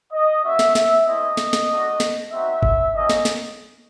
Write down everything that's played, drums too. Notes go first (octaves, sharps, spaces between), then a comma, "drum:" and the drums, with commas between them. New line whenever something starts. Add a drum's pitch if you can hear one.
D#5
A#3 C#4 F#4 E5
drum: snare
E5, drum: snare
A3 C4 E4 D#5
drum: snare
drum: snare
A3 D4 F#4
drum: snare
C4 D#4 F#4 E5
drum: kick
A#3 C#4 F#4 D#5
drum: snare
drum: snare